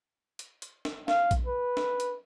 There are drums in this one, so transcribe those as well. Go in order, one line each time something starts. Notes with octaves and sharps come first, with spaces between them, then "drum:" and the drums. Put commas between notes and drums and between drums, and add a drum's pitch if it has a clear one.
drum: hi-hat
drum: hi-hat
drum: snare
F5, drum: snare
drum: kick A#1, hi-hat
B4
drum: snare
drum: hi-hat